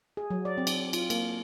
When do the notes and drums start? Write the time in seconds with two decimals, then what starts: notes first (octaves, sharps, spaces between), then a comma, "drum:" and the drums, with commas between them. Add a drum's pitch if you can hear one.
0.17 G#4
0.30 F#3
0.45 D5
0.58 C4
0.67 drum: cymbal
0.93 F4, drum: cymbal
1.10 A#3, drum: cymbal